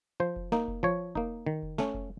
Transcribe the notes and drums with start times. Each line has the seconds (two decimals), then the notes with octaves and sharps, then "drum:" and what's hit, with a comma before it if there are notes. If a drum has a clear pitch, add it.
0.20 F3 C5
0.36 drum: kick F1
0.52 A#3 D#4, drum: snare
0.68 drum: kick F1
0.83 F3 C#5
1.15 A#3 D#4, drum: kick F1
1.46 D#3
1.63 drum: kick F1
1.78 A3 C#4, drum: snare
1.94 drum: kick F1